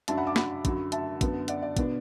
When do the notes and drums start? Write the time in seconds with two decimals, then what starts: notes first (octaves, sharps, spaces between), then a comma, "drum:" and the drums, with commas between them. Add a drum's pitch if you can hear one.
0.08 F#2 F#3 D4 E5 A5, drum: hi-hat
0.17 F#5 B5
0.27 A5 D6
0.36 F#5 B5, drum: snare
0.65 F#2 D3 F#3, drum: kick, hi-hat
0.92 E5 A5, drum: hi-hat
1.21 F#2 D3 B3, drum: kick, hi-hat
1.48 D5 F#5, drum: hi-hat
1.62 D5
1.77 B2 B3 D4, drum: kick, hi-hat